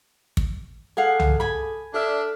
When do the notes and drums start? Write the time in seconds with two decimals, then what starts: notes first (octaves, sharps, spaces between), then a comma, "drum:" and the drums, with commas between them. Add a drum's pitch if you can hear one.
0.37 drum: kick
0.97 G#4 A4 F5 F#5 G#5
1.20 drum: tom
1.40 G#5 B5
1.94 D4 A4 E5 F6